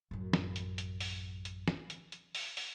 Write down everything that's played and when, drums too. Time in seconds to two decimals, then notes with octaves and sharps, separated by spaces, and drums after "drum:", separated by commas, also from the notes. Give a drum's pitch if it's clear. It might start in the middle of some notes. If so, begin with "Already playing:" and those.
0.11 A1 F#2
0.33 drum: snare
0.56 drum: hi-hat
0.78 drum: hi-hat
1.00 drum: open hi-hat
1.45 drum: hi-hat
1.68 drum: snare
1.90 drum: hi-hat
2.12 drum: hi-hat
2.35 drum: open hi-hat
2.57 drum: open hi-hat